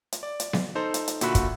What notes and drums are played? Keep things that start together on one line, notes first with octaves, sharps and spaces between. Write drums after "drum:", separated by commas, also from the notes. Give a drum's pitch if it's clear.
drum: hi-hat
D5
drum: hi-hat
drum: snare B3
D#4 A4 C5
drum: hi-hat
drum: hi-hat
A#2 D3 F#4 E5 B5 F#6, drum: hi-hat
drum: kick, hi-hat